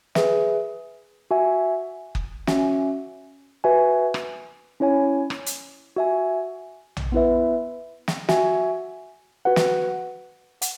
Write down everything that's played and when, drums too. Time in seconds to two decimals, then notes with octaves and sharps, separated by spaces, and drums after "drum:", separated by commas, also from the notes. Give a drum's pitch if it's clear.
0.15 G#4 B4 E5, drum: snare
1.31 F#4 E5 G#5
2.15 drum: kick F#1
2.47 C#4 F#4 E5 G#5, drum: snare
3.64 F#4 B4 E5 G#5
4.14 drum: rim click
4.80 C#4 E4 C#5 G#5
5.30 drum: rim click
5.46 drum: hi-hat
5.96 F#4 E5 G#5
6.97 drum: tom A#1
7.12 B3 E4 B4 E5
8.08 drum: snare
8.29 F#4 E5 G#5, drum: snare
9.45 F#4 B4 F#5
9.56 drum: snare
10.62 F#5, drum: hi-hat